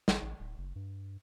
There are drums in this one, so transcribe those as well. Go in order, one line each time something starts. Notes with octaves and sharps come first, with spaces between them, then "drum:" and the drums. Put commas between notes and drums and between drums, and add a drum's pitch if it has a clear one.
G#1, drum: snare
A1
D1
F#1
G2